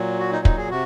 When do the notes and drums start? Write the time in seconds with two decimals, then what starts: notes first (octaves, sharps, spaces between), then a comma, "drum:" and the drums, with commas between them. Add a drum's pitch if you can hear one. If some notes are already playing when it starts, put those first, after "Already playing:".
Already playing: A#2 F#3
0.19 F#4
0.32 D#4
0.45 D#4, drum: kick
0.57 G#4
0.70 C3 F#4